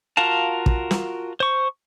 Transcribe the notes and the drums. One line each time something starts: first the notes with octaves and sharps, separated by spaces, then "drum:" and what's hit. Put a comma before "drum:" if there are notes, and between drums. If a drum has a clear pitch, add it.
F4 F#4 A#4 F5 A5
drum: kick
drum: snare
C5 C#6